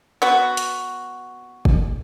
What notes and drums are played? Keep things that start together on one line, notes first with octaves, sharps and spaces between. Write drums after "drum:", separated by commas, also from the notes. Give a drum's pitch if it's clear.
B3 F#4
drum: hi-hat
drum: kick